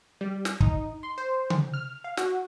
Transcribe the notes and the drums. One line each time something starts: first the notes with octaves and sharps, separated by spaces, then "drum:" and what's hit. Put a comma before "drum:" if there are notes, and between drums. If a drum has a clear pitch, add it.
G3
drum: snare
D#4, drum: kick
C6
C5
drum: tom C#3
F6
F5
F#4, drum: snare